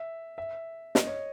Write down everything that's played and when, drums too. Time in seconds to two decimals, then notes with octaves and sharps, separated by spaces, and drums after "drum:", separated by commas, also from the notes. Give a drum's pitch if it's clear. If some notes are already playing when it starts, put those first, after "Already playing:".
Already playing: E5
0.38 E5
0.95 D#5, drum: snare
1.07 C#5